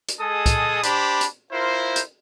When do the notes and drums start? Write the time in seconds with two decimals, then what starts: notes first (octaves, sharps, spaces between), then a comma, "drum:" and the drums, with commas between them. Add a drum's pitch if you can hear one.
0.08 drum: hi-hat
0.20 G#3 G#4 A4 D#5 A5 D#6
0.46 drum: kick, hi-hat
0.83 D4 G4 C5 B5, drum: hi-hat
1.21 drum: hi-hat
1.52 E4 F4 A#4 C5
1.96 drum: hi-hat